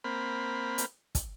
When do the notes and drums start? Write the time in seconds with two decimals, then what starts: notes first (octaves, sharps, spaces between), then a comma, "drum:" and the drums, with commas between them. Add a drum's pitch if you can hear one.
0.04 A#3 C4 B5
0.78 drum: hi-hat
1.15 drum: kick, hi-hat